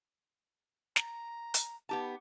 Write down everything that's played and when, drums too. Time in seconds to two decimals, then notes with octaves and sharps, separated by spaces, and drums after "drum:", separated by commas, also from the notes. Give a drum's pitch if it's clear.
0.96 A#5, drum: snare
1.54 drum: hi-hat
1.89 B3 D#4 G4 A5